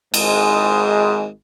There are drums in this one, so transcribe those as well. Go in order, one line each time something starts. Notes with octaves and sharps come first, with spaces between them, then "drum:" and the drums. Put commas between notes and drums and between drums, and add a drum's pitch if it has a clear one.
G#1 G#2 G#3, drum: cymbal